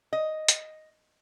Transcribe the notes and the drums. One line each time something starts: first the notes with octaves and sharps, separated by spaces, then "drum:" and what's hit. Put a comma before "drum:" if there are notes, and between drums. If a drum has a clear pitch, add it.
D#5
drum: hi-hat